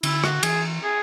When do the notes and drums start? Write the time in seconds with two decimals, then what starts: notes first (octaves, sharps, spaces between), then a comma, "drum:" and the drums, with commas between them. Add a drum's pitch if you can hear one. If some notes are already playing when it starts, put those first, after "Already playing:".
0.03 D3 E4, drum: cymbal
0.24 F#4, drum: rim click
0.43 E3 G#4, drum: cymbal
0.84 G#4